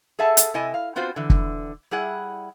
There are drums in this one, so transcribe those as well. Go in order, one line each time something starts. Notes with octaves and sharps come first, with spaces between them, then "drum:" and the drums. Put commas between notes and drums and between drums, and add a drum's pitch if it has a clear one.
G#4 A4 E5 F#5 A5
drum: hi-hat
C3 E4 D#5 G#5
F5
B3 C4 F4 F#4 C5
D3 E3
drum: kick
G3 E4 G#4 F#5